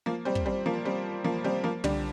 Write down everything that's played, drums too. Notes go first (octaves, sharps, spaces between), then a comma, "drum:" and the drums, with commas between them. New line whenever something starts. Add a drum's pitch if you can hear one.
F3 A#3
G3 C4
drum: kick
G3 C4
F3 A#3
G3 C4
F3 A#3
G3 C4
F3 A#3
D3 G3, drum: tom